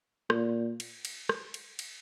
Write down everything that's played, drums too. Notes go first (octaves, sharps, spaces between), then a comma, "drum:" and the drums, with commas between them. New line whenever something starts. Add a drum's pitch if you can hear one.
A#2, drum: rim click
drum: cymbal
drum: cymbal
drum: rim click
drum: cymbal
drum: cymbal